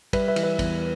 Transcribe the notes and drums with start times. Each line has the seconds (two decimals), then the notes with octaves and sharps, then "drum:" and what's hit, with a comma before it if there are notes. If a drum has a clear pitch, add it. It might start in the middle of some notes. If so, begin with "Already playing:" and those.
0.13 G3 B4 E5, drum: kick, cymbal
0.28 B4 E5
0.36 E3, drum: cymbal
0.43 B4 E5
0.59 E2, drum: kick, cymbal